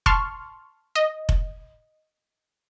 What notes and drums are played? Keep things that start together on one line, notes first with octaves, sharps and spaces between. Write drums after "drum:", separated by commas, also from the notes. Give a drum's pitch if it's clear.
A5 C6 C#6 F6, drum: kick F1
D#5
drum: kick F1